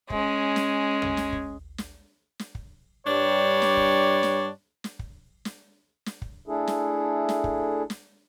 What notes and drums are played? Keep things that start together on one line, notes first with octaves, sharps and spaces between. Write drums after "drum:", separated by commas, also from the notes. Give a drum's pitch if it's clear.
G#3 C#4, drum: kick
drum: snare
drum: tom
drum: snare
drum: kick
drum: snare
drum: snare
drum: kick
G2 G3 D4 C#5
drum: snare
drum: kick
drum: snare
drum: snare
drum: kick
drum: snare
drum: snare
drum: kick
A3 D4 E4 G#4 A4
drum: snare
drum: snare
drum: kick
drum: snare